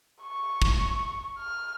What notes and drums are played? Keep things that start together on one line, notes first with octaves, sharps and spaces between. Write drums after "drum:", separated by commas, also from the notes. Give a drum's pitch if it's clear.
C#6
drum: kick
F6